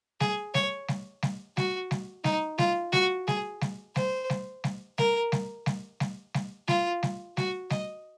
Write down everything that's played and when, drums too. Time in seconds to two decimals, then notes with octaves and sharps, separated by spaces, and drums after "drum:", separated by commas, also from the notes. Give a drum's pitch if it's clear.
0.20 G#4, drum: snare G3
0.54 C#5, drum: snare G3
0.88 drum: snare G3
1.22 drum: snare G3
1.57 F#4, drum: snare G3
1.91 drum: snare G3
2.24 D#4, drum: snare G3
2.58 F4, drum: snare G3
2.93 F#4, drum: snare G3
3.28 G#4, drum: snare G3
3.61 drum: snare G3
3.96 C5, drum: snare G3
4.30 drum: snare G3
4.64 drum: snare G3
4.98 A#4, drum: snare G3
5.32 drum: snare G3
5.66 drum: snare G3
6.00 drum: snare G3
6.34 drum: snare G3
6.68 F4, drum: snare G3
7.03 drum: snare G3
7.37 F#4, drum: snare G3
7.70 D#5, drum: snare G3